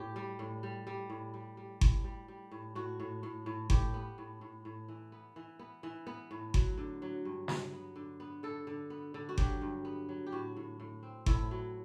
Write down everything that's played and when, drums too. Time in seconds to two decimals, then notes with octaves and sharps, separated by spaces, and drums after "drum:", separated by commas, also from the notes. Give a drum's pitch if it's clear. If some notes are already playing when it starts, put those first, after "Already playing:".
Already playing: A2 B3 G4
0.16 G3
0.39 A2
0.63 G3
0.87 G3
1.10 A2
1.34 G3
1.57 G3
1.81 A2, drum: kick G1
2.04 G3
2.28 G3
2.51 A2
2.75 A2 F#4
3.00 A2
3.23 A2
3.46 A2
3.70 A2 G4, drum: kick G1
3.94 B3
4.18 A2
4.41 A2
4.65 A2
4.88 E3
5.12 B3
5.36 E3
5.59 B3
5.83 E3
6.07 B3
6.31 A2
6.54 F#3, drum: kick G1
6.78 D3
7.02 F#3
7.25 G2
7.48 F#3, drum: snare
7.73 B3
7.96 D3
8.20 B3
8.43 D3 A4
8.67 D3
8.90 B3
9.14 D3
9.29 F#4
9.38 F#3 G4, drum: kick G1
9.61 G2
9.85 B3
10.09 F#3
10.26 G4
10.32 A2 F#4
10.57 A2
10.80 A2
11.03 C4
11.26 A2 E4, drum: kick G1
11.51 F#3